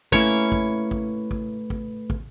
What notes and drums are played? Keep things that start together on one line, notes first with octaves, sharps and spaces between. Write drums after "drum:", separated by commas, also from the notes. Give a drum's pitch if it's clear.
A3 A#3 C#4 E4 B4 C#5, drum: kick
drum: kick
drum: kick
drum: kick
drum: kick
drum: kick